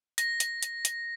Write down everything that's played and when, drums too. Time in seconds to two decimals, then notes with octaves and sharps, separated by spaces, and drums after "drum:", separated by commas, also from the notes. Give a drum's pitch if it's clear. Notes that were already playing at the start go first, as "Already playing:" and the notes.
0.18 A#6, drum: hi-hat
0.40 drum: hi-hat
0.63 drum: hi-hat
0.85 drum: hi-hat